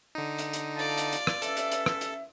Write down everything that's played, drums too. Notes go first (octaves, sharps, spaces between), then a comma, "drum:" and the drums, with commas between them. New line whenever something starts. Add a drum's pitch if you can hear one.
D3 D#4
drum: hi-hat
drum: hi-hat
F4 A4 D5 A5
drum: hi-hat
drum: hi-hat
drum: rim click
C#4 A4 B4 E5, drum: hi-hat
drum: hi-hat
drum: hi-hat
drum: rim click
drum: hi-hat